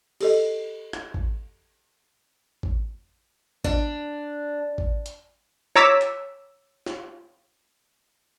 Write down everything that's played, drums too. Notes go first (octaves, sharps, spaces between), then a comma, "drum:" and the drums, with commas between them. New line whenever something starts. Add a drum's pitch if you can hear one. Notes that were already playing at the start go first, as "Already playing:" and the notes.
G4 A4 D#5, drum: cymbal
drum: rim click
drum: kick
drum: kick
D4, drum: kick
drum: kick
drum: hi-hat
C#5 A#5 D6 E6 A6 B6, drum: snare
drum: clap
drum: snare